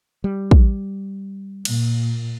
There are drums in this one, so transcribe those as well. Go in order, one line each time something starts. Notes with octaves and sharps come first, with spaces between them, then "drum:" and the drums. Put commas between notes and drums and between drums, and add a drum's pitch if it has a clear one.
G3
drum: kick
A#2, drum: cymbal